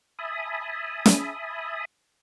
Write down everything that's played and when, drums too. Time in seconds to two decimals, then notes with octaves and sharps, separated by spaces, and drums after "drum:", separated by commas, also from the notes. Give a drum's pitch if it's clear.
0.19 E5 G#5 A5 B5 D#6
1.06 drum: snare